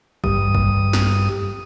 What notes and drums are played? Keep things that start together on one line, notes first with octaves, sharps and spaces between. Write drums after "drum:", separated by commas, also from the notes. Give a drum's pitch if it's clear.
G2 D#6, drum: kick G#1
drum: kick G#1
drum: snare